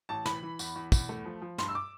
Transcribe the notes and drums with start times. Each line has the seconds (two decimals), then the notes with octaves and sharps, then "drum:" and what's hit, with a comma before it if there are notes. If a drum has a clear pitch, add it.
0.09 A1 A5
0.26 E3 B5, drum: snare
0.43 E3
0.59 E2, drum: tambourine
0.76 E2
0.92 E2, drum: kick, tambourine
1.09 A3
1.25 F3
1.42 F3
1.58 G2 C6, drum: snare
1.68 E6
1.75 D6